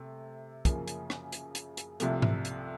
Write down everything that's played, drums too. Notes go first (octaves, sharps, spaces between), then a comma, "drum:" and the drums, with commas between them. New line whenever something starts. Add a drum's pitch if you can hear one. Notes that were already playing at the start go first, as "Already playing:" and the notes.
Already playing: C3 A3
F#2 C#3 F3 A#3, drum: kick, hi-hat
drum: hi-hat
drum: rim click
drum: hi-hat
drum: hi-hat
drum: hi-hat
C2 C3 F3 A3, drum: hi-hat
drum: tom G#2
drum: hi-hat